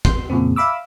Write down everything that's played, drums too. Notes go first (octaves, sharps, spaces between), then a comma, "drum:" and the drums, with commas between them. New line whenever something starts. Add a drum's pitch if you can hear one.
C6 G6, drum: kick
F2 A#2 C#3 C4
E5 F5 B5 D6 E6